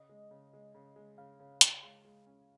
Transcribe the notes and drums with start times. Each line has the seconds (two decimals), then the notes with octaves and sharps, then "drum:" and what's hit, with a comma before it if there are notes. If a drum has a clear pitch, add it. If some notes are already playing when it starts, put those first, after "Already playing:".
Already playing: C#3 D#5
0.09 G#3
0.31 C#3
0.53 G#3
0.74 C#3
0.96 G#3
1.18 C#3 F5
1.40 C#3
1.61 C#3, drum: hi-hat
1.83 G#3
2.05 G#3
2.27 C#4